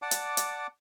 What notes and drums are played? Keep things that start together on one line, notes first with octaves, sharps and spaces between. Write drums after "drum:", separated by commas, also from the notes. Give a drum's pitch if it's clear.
D5 F#5 A5 D6
drum: hi-hat
drum: hi-hat